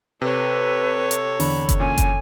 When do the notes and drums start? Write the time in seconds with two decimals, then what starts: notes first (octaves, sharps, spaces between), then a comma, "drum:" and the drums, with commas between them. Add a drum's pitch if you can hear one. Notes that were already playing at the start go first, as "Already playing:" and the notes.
0.22 C3 A4 B4 C#5
1.11 drum: hi-hat
1.40 E2 D3 B5, drum: open hi-hat
1.69 drum: kick F#1, hi-hat
1.80 A#2 C#4 G#5
1.98 drum: kick F#1, hi-hat